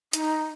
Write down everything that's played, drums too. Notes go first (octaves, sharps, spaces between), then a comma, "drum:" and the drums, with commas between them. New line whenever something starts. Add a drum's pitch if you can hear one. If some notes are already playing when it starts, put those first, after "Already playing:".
D#4, drum: hi-hat